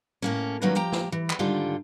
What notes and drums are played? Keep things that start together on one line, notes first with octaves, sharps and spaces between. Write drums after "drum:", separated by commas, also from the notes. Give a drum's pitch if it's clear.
A2 A#3 C#4
D#3 F#3 G3 A#3 C#4 B4
F3 G4 G5 A#5
drum: snare
E3
drum: clap
G#2 D3 D#3 G3 F4